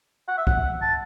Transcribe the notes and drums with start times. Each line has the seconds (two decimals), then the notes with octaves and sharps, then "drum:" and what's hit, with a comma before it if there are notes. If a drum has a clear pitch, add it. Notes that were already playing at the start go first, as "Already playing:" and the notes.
0.28 F#5
0.38 E5
0.47 F#5, drum: kick
0.82 A5